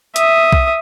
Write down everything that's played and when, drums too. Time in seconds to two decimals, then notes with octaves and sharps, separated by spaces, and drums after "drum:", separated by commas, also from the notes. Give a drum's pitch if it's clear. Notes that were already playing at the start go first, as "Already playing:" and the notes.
0.16 E5 D#6, drum: hi-hat
0.52 drum: kick B1